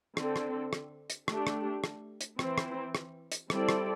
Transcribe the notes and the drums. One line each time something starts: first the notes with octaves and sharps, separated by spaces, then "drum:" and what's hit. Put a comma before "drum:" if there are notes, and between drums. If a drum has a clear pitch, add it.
D3 C4 A4, drum: rim click
drum: rim click
drum: rim click
drum: hi-hat
A3 D4 G4, drum: rim click
drum: rim click
drum: rim click
drum: hi-hat
E3 C4 E4 C5, drum: rim click
drum: rim click
drum: rim click
drum: hi-hat
G3 C4 E4 A4 D5, drum: rim click
drum: rim click